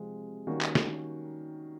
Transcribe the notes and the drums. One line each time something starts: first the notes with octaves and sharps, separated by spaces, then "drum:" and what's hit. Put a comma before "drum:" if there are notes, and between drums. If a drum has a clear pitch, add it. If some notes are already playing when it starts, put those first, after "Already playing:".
Already playing: C3 F3 G#3 C4
D#3 G3 A#3 C#4 F#4
drum: clap
drum: snare